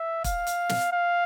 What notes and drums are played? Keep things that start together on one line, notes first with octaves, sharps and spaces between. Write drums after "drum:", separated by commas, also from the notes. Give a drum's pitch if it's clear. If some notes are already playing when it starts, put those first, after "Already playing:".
Already playing: E5
F5, drum: kick, hi-hat
drum: hi-hat
drum: snare
F5